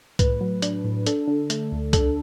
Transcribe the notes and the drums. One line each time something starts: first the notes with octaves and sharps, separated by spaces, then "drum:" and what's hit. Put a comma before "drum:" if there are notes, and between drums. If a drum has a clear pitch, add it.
A2 B4, drum: kick C2, hi-hat
F#3
D4, drum: hi-hat
A2
D4 A4, drum: hi-hat
D3
A3, drum: hi-hat
D2
D4 A4, drum: kick C2, hi-hat